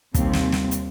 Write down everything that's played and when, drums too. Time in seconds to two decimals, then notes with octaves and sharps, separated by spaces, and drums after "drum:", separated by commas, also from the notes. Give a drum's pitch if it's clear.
0.14 D#2 C3 G3 C4, drum: kick, hi-hat
0.33 drum: snare
0.52 drum: snare
0.71 drum: hi-hat